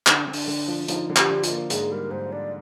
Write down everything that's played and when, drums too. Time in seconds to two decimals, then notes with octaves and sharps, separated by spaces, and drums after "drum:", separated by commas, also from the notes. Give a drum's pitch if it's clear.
0.07 D3 D#4, drum: clap
0.15 D4
0.25 D3 C4
0.33 D4, drum: open hi-hat
0.47 D3
0.68 F3
0.88 F3 D#4, drum: hi-hat
1.10 D3
1.16 G4, drum: clap
1.30 D3
1.43 F4, drum: hi-hat
1.50 A#3
1.70 G#2 G#4, drum: hi-hat
1.91 G3 A#4
2.11 G#2 C5
2.32 D4 D5